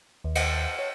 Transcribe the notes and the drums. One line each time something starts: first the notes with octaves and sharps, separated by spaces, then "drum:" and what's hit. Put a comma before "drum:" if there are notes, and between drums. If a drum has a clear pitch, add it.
D#2
drum: cymbal
C#5